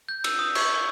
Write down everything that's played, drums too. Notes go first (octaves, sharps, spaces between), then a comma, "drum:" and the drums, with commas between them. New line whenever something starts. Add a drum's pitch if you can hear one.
G6
E6, drum: cymbal
D#6
C#6, drum: cymbal